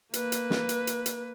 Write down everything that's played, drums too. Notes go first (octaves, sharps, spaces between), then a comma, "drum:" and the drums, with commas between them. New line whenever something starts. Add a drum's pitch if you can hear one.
A#3 B4, drum: hi-hat
drum: hi-hat
drum: snare
drum: hi-hat
drum: hi-hat
drum: hi-hat